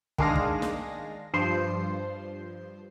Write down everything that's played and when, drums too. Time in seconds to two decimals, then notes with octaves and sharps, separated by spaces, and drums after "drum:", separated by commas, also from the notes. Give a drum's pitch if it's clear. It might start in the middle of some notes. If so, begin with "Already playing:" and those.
0.18 D#3 G#3 D4 G#4 F5 A#6, drum: kick
0.35 drum: kick
0.62 drum: snare
1.34 G2 F3 C5 C7